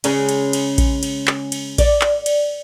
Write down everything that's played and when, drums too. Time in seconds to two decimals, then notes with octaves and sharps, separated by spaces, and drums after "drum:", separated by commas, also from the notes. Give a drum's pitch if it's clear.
0.04 C#3 G#3 C#4, drum: cymbal
0.29 drum: cymbal
0.53 drum: cymbal
0.78 drum: kick A#1, cymbal
1.03 drum: cymbal
1.27 drum: clap
1.52 drum: cymbal
1.78 D5, drum: kick A#1, cymbal
2.01 drum: clap
2.26 drum: cymbal